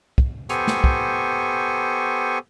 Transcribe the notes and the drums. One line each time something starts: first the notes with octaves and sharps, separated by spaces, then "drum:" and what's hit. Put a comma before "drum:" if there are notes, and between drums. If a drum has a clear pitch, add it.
drum: kick
B3 G4 A4 C5 G#5 C#6, drum: hi-hat
drum: snare
drum: kick